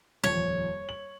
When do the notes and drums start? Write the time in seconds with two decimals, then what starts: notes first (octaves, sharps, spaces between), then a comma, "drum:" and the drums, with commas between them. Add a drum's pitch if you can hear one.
0.24 D#1 F2 C#5, drum: tom
0.89 F#7